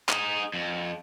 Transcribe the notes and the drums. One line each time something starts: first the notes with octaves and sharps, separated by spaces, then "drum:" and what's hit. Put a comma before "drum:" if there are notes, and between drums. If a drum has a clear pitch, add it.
D#4 G#4, drum: clap
F2